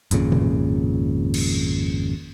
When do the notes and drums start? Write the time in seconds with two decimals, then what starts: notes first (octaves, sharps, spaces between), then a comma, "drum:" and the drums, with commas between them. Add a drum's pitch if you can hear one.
0.11 G#1 F2 A#2 C#3, drum: hi-hat
0.32 drum: tom A2
1.34 drum: cymbal